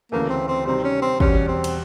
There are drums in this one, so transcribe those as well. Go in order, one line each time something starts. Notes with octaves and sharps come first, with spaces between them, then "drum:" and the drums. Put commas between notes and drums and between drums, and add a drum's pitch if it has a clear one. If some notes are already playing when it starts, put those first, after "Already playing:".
D2 C#3 E3 A3 A#3
C4
C4
C3 D#3 G3 C4
C#4
C4
E2 B2 G3 C#4, drum: kick
C4
drum: cymbal